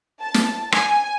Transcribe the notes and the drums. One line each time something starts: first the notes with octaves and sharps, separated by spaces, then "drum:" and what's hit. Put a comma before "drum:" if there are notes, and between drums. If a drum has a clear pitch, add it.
A5
drum: snare
G#5, drum: rim click